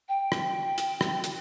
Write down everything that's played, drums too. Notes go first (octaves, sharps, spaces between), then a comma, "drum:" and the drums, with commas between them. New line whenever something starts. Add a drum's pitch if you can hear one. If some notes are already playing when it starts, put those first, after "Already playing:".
G5
drum: rim click
drum: hi-hat
drum: rim click
drum: hi-hat